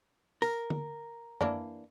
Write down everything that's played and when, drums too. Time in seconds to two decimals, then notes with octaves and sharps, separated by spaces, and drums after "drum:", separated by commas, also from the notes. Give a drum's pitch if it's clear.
0.42 A#4, drum: tambourine
0.70 drum: tom D3
1.41 E3 A#3 D4, drum: tom F#2